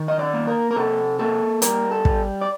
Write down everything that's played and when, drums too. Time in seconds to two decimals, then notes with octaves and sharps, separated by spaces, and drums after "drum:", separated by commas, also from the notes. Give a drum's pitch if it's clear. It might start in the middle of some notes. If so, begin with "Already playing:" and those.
Already playing: D#3
0.08 D#5
0.19 D5
0.34 A#3
0.47 A#4
0.71 A#4
0.76 C3 A4
1.19 A#3 A4
1.62 G3 A#4, drum: hi-hat
1.91 A4
2.05 G3, drum: kick
2.41 D5